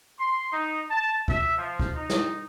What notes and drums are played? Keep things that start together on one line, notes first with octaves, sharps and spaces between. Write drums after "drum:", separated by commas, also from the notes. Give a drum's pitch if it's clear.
C6
D#4
A5
E5, drum: kick
F3
drum: kick
D#4
drum: snare